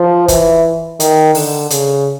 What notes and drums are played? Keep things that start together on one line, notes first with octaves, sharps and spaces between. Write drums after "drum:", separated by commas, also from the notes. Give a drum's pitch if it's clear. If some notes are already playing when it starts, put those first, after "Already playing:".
Already playing: F3
E3, drum: kick, hi-hat
D#3, drum: hi-hat
D3, drum: open hi-hat
C#3, drum: hi-hat